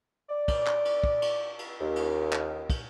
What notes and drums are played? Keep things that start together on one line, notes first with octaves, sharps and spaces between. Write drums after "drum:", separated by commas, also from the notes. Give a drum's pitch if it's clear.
D5
drum: kick, cymbal
drum: clap
drum: cymbal
drum: kick
drum: cymbal
drum: cymbal
D#2
drum: cymbal
drum: clap
drum: kick, cymbal